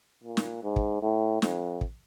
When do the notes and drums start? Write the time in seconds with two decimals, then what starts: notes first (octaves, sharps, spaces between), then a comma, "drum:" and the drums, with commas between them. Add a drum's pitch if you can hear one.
0.24 A#2
0.37 drum: snare
0.63 G#2
0.76 drum: kick
1.02 A2
1.42 F2, drum: snare
1.81 drum: kick